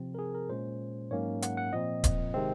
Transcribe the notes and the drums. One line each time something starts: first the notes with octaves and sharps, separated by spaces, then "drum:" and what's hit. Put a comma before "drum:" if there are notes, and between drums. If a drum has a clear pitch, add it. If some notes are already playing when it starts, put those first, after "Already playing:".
Already playing: C3 F3 C4
A#4
G#4
A#4
A#2 G#3 C#4 C5
G#2 F#3 A#3 C#4 C#5
F#5, drum: hi-hat
F#5
A#2 F3 C4 D#5
drum: kick D1, hi-hat
C3 D#3 G#3 C4